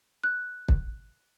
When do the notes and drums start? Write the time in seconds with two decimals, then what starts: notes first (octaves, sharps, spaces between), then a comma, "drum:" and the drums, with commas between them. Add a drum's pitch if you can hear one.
0.24 F#6
0.68 drum: kick